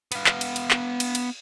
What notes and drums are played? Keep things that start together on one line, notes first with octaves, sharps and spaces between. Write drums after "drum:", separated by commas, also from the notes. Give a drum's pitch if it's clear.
B3 F5, drum: cymbal
drum: clap
drum: cymbal
drum: cymbal
drum: clap
drum: cymbal
drum: cymbal